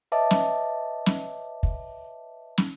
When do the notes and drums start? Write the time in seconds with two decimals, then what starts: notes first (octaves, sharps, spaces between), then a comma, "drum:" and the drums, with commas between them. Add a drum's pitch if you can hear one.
0.12 B4 C#5 D#5 E5 A5 D6
0.31 drum: snare
1.06 drum: snare
1.63 drum: kick
2.58 drum: snare